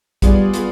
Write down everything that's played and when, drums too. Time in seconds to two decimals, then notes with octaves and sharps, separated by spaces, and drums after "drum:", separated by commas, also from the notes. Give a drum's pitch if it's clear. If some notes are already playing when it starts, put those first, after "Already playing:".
0.22 G3 B3 F4 G#4 D5, drum: kick, hi-hat
0.54 B3 F4 G#4, drum: hi-hat